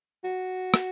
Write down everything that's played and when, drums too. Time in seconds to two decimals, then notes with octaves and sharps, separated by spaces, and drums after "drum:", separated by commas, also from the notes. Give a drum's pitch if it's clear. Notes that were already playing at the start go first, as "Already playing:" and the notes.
0.24 F#4
0.74 drum: rim click